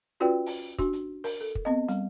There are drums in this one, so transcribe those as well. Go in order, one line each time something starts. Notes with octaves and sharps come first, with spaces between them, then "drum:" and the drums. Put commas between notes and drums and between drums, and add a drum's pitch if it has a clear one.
C#4 F4 F#4 B4 D5 G5
drum: open hi-hat
D4 F#4, drum: kick, hi-hat
drum: hi-hat
A#4, drum: open hi-hat
A4
drum: kick
B3 C4 D#5
G3, drum: hi-hat